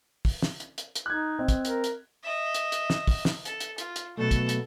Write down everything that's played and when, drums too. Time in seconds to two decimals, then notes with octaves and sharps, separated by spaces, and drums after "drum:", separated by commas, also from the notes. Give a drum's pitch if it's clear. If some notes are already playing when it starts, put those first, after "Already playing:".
0.25 drum: kick, open hi-hat
0.42 drum: snare
0.60 drum: hi-hat
0.78 drum: hi-hat
0.95 drum: hi-hat
1.06 D#4 F#6 G#6
1.39 C4 D#5
1.48 drum: kick, hi-hat
1.65 A#4, drum: hi-hat
1.84 drum: hi-hat
2.23 D#5 E5
2.54 drum: hi-hat
2.72 drum: hi-hat
2.90 drum: snare
3.07 drum: kick, open hi-hat
3.25 drum: snare
3.45 A4, drum: hi-hat
3.60 drum: hi-hat
3.78 F4, drum: hi-hat
3.96 drum: hi-hat
4.17 B2 F#3 A3 A4
4.31 drum: kick, hi-hat
4.49 drum: hi-hat